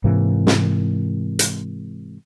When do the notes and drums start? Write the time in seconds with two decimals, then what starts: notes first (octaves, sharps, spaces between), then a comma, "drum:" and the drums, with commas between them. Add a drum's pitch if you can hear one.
0.04 G#2 C3 E3 A#3
0.47 drum: snare
1.39 drum: hi-hat